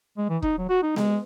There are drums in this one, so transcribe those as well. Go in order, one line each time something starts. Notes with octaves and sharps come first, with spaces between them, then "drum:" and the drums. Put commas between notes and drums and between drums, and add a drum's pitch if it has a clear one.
G#3
E3
D#4, drum: kick
F#3
F#4
D#4
G#3, drum: snare B3